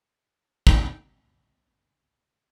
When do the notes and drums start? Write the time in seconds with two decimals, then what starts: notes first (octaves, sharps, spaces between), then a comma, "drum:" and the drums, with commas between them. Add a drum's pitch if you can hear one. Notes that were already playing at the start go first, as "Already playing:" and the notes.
0.67 C#3 D#4 G5, drum: kick